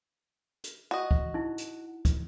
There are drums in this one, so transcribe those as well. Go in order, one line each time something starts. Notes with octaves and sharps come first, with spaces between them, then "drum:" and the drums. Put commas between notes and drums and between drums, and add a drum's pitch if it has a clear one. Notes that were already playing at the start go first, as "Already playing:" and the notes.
drum: hi-hat
F#4 D#5
drum: kick
D#4 E4
drum: hi-hat
drum: kick, hi-hat